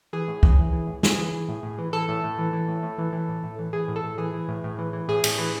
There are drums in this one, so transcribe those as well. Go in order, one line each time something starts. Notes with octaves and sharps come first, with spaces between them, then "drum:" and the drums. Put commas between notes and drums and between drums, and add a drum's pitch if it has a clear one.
E3 G#4
A2
A2, drum: kick
E3
E3
A2
A2 G#4, drum: snare
E3
E3
A2
A2
E3
E3 A4
A2
A2
E3
E3
A2
A2
E3
E3
A2
A2
E3
E3 G#4
A2
A4
A2
E3 G#4
E3
A2
A2
E3
E3
A2 G#4
A2, drum: cymbal
E3